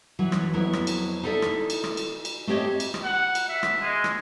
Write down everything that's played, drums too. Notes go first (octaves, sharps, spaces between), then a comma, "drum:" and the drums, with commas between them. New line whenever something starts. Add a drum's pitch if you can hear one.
E3 F#3
drum: rim click
F2 F#3 B3 E4
drum: rim click
drum: cymbal
D#4 E4 A4 D5 E5
drum: rim click
drum: cymbal
drum: rim click
drum: cymbal
drum: cymbal
A3 C4 G4 C#5 D#5
drum: cymbal
drum: rim click
F#5
drum: cymbal
E5
drum: rim click
G#3
drum: rim click